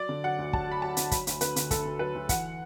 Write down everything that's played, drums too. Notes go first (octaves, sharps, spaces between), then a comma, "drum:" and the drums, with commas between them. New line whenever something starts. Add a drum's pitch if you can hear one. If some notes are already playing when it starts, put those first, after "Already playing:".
Already playing: F#3 D5
D3
F#3 F#5
D2
F#3 A5, drum: kick
F#3 B5
F#3 A5
D3, drum: hi-hat
F#3 B5, drum: kick, hi-hat
D2, drum: hi-hat
D3 B4, drum: hi-hat
D3, drum: hi-hat
D2 A4, drum: kick, hi-hat
D2
F#3 B4
D2
E3 F#5, drum: kick, hi-hat